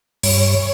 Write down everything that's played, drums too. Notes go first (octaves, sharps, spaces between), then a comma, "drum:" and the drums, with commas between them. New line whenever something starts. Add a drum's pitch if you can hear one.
G2 C#5, drum: open hi-hat